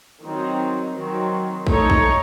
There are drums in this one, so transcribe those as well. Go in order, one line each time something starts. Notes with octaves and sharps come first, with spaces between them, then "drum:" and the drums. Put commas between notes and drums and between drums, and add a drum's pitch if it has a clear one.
D#3 F#3 C4 D#4
D#3 F#3 C4
A3 D#4 A4 C#5, drum: kick A#1
drum: kick A#1